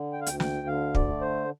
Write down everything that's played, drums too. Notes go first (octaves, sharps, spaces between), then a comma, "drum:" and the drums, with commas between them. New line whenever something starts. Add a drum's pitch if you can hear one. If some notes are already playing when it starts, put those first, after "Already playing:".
Already playing: D3
G5
F5
D2 G5, drum: hi-hat
G5, drum: snare
D3 F5
D5, drum: kick
A3
C5